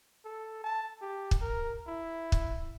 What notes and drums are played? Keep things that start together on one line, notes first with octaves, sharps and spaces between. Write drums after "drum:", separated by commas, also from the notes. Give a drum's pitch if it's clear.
A4
A5
G4
drum: kick
A#4
E4
drum: kick